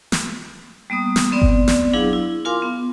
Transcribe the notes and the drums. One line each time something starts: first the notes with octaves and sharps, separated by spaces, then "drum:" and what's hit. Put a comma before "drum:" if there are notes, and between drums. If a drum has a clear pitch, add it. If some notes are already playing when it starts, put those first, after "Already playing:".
drum: snare
G3 A#3 B3 D#6
drum: snare
B3 C4 D5
drum: kick G1
drum: snare
F#3 D4 E4 G#4 F5
E4
F4 A#4 F5 G#5 C6 D6
B3